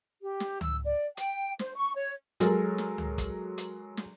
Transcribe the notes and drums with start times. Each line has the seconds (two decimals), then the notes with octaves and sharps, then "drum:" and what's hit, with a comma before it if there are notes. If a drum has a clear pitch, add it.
0.21 G4
0.40 drum: snare
0.61 E6, drum: tom C#2
0.84 D5
1.17 G5, drum: hi-hat
1.59 C5, drum: snare
1.74 C#6
1.95 C#5
2.40 F#3 G#3 A4 A#4, drum: hi-hat
2.78 drum: snare
2.98 drum: tom C#2
3.18 drum: kick, hi-hat
3.58 drum: hi-hat
3.97 drum: snare